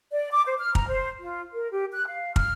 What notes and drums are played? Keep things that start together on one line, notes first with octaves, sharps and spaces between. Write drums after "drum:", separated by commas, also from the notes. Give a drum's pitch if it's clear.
D5
D6
C5
F6
A#5, drum: kick
C5
F4
A#4
G4
F#6
F5
F6, drum: kick